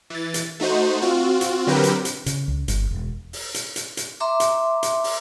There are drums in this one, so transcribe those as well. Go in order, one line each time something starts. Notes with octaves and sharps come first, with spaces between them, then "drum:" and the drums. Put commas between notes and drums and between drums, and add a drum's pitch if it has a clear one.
E3 A6
drum: hi-hat
A3 D#4 F#4 C5
C4 F4 F#4
drum: hi-hat
D3 F#3 C4 G4 A#4 B4
drum: hi-hat
drum: hi-hat
C#3, drum: hi-hat
C#2
G1, drum: hi-hat
E1
drum: open hi-hat
drum: hi-hat
drum: hi-hat
drum: hi-hat
E5 A#5 C6 D6
drum: hi-hat
drum: hi-hat
drum: open hi-hat